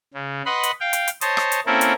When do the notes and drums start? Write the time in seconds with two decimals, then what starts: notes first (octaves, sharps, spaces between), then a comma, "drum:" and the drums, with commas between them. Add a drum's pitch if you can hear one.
0.14 C#3
0.46 B4 D#5 F#5 B5 C6
0.63 drum: hi-hat
0.80 F5 G5
0.93 drum: hi-hat
1.08 drum: hi-hat
1.21 C5 C#5 D#5 A5, drum: hi-hat
1.37 drum: rim click
1.52 drum: hi-hat
1.66 A#3 C4 C#4 E4 A4 A#4
1.81 drum: hi-hat